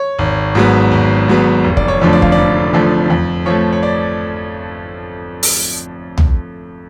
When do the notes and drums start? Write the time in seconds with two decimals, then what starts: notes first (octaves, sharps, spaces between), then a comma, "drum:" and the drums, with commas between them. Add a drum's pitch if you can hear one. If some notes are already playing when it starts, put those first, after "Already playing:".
Already playing: C#5
0.19 G#1
0.55 G#2 F#3 B3
0.91 G#1
1.28 G#2 F#3 B3
1.64 F1
1.77 D5, drum: kick
1.88 C#5
2.01 F2 D3 F3 A3
2.13 D5
2.22 F5, drum: kick
2.32 F1 D5
2.74 F2 D3 F3 A3
3.10 F2
3.46 F3 A3 C#5
3.73 C#5
3.83 D5
5.43 drum: open hi-hat
6.18 drum: tom B1